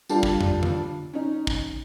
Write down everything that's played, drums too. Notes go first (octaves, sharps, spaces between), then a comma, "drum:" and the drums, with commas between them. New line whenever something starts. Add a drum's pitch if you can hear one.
G3 D4 F4 A4, drum: tambourine
drum: kick
drum: tom
drum: tom D3
C#4 D#4
drum: kick